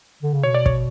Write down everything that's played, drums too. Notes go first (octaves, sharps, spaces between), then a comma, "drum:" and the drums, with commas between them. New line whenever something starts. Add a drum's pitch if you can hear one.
D3
C#3
B2 C#5
D5
C#5, drum: kick